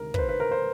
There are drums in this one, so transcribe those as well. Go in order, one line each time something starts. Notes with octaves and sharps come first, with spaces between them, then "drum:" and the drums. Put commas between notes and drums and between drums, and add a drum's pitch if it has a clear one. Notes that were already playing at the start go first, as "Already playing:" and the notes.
Already playing: D2 C3 D#3 G#3 A#4
B4, drum: kick
C5
B4
A#4
C5